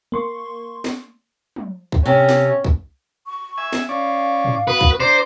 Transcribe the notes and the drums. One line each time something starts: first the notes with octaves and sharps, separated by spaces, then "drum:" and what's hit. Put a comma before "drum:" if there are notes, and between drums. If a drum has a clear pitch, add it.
A#3 C6 C#6
drum: snare
drum: tom
drum: kick
C3 C#4
drum: snare
drum: kick
C#6
E5 G#5
drum: snare
C#4 D5 F5
drum: tom
B3 F#4 B4 D#6
drum: kick
D4 C5 D5 A#5